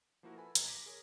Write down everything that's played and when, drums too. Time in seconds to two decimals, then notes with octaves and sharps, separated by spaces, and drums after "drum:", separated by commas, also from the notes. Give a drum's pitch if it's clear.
0.23 F3 A#3 E4 F#4 A#4
0.36 A4 B4 G#5 B5
0.55 B1 A#5 G#6, drum: hi-hat
0.67 D6 A#6 B6 D7
0.86 G#4 A#4 C#5